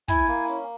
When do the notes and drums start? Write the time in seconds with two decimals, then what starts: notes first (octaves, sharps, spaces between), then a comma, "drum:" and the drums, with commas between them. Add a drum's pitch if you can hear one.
0.08 E4 G#5, drum: kick, hi-hat
0.28 A#3
0.48 C#4, drum: hi-hat